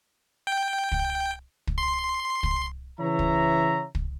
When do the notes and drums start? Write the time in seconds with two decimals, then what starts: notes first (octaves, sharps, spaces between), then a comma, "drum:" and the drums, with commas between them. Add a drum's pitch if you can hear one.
0.47 G5
0.92 drum: kick
1.67 drum: kick
1.78 C6
2.43 drum: kick
3.00 C#3 E3 C#5 E5 A#5
3.19 drum: kick
3.95 drum: kick